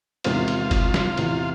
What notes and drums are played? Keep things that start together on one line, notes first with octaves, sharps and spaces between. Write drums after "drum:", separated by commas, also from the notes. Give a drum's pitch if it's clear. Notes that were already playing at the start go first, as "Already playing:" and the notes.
E2 C3 D#3 G#3 C4 F4, drum: cymbal
drum: cymbal
drum: kick F#1, cymbal
drum: snare
E2 C3 E3, drum: cymbal